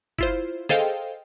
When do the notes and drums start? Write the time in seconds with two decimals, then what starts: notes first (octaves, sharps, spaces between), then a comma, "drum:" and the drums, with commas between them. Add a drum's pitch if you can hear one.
0.18 E4 F4 C5, drum: kick F#1
0.69 G#4 A4 C5 D#5 F5 G5, drum: snare